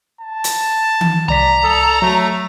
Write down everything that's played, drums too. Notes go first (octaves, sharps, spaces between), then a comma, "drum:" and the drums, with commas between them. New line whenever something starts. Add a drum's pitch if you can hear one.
A5
drum: hi-hat
drum: tom D#3
C2 D5 A#5 B6
A4 D#6
F#3 A3